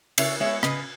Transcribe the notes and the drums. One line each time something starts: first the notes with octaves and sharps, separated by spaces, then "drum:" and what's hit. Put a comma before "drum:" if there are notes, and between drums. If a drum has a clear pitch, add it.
C#3 C#5 E5, drum: cymbal
G#3 B3 C#5 E5
C#3 B4 D#5, drum: rim click